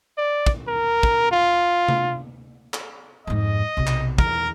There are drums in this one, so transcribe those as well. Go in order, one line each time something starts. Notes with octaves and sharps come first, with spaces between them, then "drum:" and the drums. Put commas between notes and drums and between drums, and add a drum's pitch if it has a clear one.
D5
drum: kick
A#4
drum: kick
F4
drum: tom C3
drum: clap
F2 G#2 D#5
B1 C3
drum: clap
E2 A#4, drum: kick